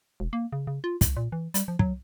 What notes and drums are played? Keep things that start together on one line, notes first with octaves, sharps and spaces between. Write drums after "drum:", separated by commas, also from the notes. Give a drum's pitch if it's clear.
E1
A#3
C#3
C#3
F4
C2, drum: kick, hi-hat
A#2
E3
G3, drum: hi-hat
F3
F#3, drum: kick